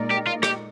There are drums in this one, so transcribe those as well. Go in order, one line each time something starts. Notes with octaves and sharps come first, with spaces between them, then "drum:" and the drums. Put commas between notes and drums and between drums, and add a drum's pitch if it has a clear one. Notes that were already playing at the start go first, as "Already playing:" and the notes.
Already playing: A#2 G#3 D#4 A#4 D5
G4
F4
G4, drum: rim click